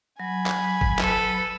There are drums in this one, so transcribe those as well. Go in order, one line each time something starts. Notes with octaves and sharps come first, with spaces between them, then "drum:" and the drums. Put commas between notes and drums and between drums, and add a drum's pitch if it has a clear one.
F#3 G#5 B5
drum: clap
drum: kick
A4 B4, drum: clap